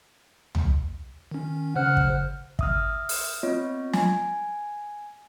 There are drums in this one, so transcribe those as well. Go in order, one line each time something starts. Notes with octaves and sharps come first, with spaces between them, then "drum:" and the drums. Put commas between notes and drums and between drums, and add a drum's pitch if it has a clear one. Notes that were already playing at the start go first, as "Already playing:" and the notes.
drum: tom
D#3 C#4
C#3 C5 F#5 F6
drum: kick
E5 D#6 F6, drum: kick
drum: open hi-hat
B3 C4 F4 C#5 D#5
G#5, drum: snare